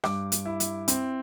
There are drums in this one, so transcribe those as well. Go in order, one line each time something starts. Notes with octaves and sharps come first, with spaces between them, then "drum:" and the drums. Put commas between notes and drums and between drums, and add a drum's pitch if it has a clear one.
G2 D6, drum: rim click
drum: hi-hat
E4
drum: hi-hat
C4, drum: hi-hat